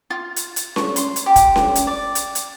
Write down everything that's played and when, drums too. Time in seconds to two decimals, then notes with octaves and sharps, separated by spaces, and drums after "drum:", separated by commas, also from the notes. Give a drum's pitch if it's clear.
0.10 F4
0.36 drum: hi-hat
0.56 drum: hi-hat
0.76 C#6, drum: snare C#4
0.96 C6, drum: hi-hat
1.16 drum: hi-hat
1.26 G4
1.36 drum: kick, hi-hat
1.56 drum: snare C#4
1.75 drum: hi-hat
1.87 D5
2.15 drum: hi-hat
2.35 drum: hi-hat